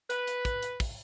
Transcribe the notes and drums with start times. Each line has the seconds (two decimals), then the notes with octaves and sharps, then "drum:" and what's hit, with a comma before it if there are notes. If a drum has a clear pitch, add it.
0.10 B4, drum: hi-hat
0.27 drum: hi-hat
0.45 drum: kick, hi-hat
0.62 drum: hi-hat
0.80 drum: kick, open hi-hat